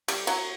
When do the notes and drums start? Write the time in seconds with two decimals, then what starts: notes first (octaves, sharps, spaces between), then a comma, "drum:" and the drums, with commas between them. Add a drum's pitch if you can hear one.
0.08 G3 G4, drum: cymbal
0.27 F#3 F#4, drum: cymbal